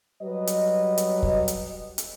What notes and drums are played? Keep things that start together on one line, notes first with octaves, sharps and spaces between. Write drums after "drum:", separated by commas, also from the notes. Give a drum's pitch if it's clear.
F#3 G3 B4 D#5
drum: hi-hat
drum: hi-hat
drum: kick
drum: hi-hat
drum: hi-hat